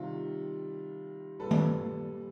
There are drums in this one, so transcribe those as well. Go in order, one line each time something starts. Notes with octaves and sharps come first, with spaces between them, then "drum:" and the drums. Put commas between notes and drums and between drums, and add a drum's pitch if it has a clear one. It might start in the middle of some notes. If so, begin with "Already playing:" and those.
Already playing: C3 D#3 G3 F4
A#2 G3 A4 B4
drum: tom D#3